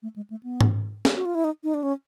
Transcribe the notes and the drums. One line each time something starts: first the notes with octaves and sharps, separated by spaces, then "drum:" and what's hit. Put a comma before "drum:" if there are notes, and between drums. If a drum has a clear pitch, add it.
A3
G#3
A3
B3
drum: tom G#2
drum: snare
F#4
F4
E4
D#4
D#4
D4
C#4